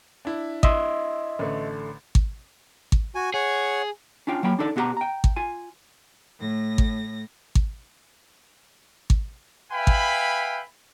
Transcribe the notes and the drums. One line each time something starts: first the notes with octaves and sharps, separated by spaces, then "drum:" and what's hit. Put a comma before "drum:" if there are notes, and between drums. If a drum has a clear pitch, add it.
D4 E4
D#5 E5 C6, drum: kick G#1
A1 D3 A3
drum: kick G#1
drum: kick G#1
F#4 G#5
G#4 C#5 F#5
C#4 D4 F4 G5
F#3 A#3 G5 B5
D4 D#4 A4 D5
B2 B3 F#4 G4 F#5 A#5
G5 A#5
drum: kick G#1
F4 G#5
A2 A#6
drum: kick G#1
drum: kick G#1
drum: kick G#1
B4 E5 F5 G5 G#5 B5
drum: kick G#1